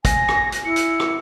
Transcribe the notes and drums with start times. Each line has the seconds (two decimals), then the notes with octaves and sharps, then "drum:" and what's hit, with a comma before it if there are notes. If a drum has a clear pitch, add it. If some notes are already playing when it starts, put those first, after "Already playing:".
0.05 G#5 A#6, drum: kick, hi-hat
0.28 drum: rim click
0.52 drum: hi-hat
0.65 E4 C#7
0.76 drum: hi-hat
1.00 drum: rim click